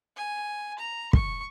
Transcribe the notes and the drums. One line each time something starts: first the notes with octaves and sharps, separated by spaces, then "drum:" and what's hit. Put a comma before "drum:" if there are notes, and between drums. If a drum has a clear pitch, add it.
G#5
A#5
C#6, drum: kick